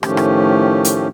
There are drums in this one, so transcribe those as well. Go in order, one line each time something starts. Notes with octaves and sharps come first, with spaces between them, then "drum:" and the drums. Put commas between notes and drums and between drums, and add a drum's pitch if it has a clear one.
A2 D#3 F3 A3 C#4 G4, drum: rim click
drum: rim click
drum: hi-hat